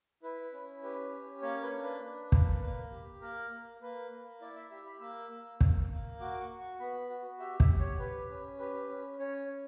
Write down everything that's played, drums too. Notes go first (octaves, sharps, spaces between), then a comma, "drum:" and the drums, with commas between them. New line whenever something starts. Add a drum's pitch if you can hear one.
E4 B4
C#4
G4 B4
C#4
A#3 C#5
B4
D4
B4
D4
A#3, drum: kick
A#3
G4
A#3 A#4
A#3
A#3 B4
A#3
E4 D5
E5
G4 E5
B5
A#3 E6
A#3
A#3, drum: kick
A#3
F#4 D6
C#6
F#4
C#6
B3 B5
F#4
G4 E5
E5, drum: kick
G4
C#5
G4 B4
C#4
G4 B4
C#4
C#4 C#5
C#4